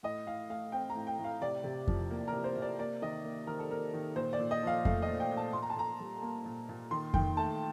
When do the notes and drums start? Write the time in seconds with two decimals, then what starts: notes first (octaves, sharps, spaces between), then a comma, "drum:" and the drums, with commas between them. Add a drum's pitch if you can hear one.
0.03 A2 D#5
0.26 A2 F5
0.49 A3 F5
0.72 C4 G5
0.90 A#5
0.95 A2
1.07 G5
1.19 A2
1.24 F5
1.41 C3 D5
1.63 C3
1.88 F3, drum: kick F2
2.11 A#3
2.28 C3 A#4
2.44 C5
2.56 C3
2.62 D5
2.79 A#3 D5
3.02 D#3 D#5
3.25 A#3
3.47 D#3 A#4
3.59 A4
3.70 A#3 A#4
3.93 D#3
4.16 A#2 C5
4.33 D5
4.39 A#2
4.51 D#5
4.63 F3 F5
4.85 A3 F5, drum: kick F2
5.02 D#5
5.08 A#2
5.20 G5
5.31 A#2
5.37 A5
5.53 A#2 C6
5.62 A#5
5.70 A5
5.76 A#2 A#5
6.00 G3
6.22 A#3
6.45 A#2
6.69 A#2
6.91 D#3 C6
7.14 D#3 G5, drum: kick F2
7.37 A3 A5